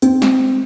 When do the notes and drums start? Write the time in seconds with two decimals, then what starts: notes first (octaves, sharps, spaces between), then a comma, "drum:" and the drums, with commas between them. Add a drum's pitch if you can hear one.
0.02 C4, drum: hi-hat
0.22 drum: snare